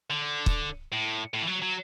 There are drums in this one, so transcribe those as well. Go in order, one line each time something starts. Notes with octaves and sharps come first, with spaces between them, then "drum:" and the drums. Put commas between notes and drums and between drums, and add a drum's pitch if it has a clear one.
D3
drum: kick
A2
A2
E3
F#3
F#3